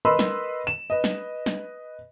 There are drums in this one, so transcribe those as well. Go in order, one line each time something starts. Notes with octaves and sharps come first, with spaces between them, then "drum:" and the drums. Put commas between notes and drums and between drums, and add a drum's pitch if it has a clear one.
A#4 B4 D#5 B5 C6 E6
drum: snare
E7
B4 D#5
drum: snare
drum: snare